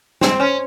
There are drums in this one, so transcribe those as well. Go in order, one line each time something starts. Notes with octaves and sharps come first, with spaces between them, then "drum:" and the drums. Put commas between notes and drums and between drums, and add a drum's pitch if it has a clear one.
C4, drum: snare
C#4